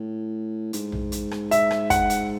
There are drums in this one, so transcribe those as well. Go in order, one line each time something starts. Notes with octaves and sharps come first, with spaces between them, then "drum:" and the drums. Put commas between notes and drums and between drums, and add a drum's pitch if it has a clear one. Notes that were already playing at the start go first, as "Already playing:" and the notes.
Already playing: A2
G#2, drum: hi-hat
drum: tom A#1
drum: hi-hat
drum: rim click
E5, drum: hi-hat
drum: rim click
F#5, drum: kick, hi-hat
drum: hi-hat